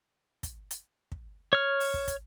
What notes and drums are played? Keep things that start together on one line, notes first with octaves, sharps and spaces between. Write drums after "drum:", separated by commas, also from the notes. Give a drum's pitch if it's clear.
drum: kick, hi-hat
drum: hi-hat
drum: kick
C#5 F6
drum: open hi-hat
drum: kick
drum: kick, hi-hat